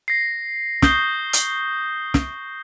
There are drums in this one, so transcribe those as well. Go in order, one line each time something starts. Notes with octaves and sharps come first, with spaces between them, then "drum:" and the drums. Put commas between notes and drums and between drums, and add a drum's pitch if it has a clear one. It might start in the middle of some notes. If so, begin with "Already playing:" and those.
A#6 C7
C#6 D#6 G6 C7 G7, drum: snare
drum: hi-hat
drum: snare